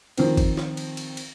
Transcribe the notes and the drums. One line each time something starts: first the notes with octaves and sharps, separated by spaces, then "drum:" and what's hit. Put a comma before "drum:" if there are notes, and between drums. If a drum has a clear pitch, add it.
D#3 F3 C4, drum: cymbal
drum: kick G1, cymbal
drum: snare
drum: cymbal
drum: cymbal
drum: cymbal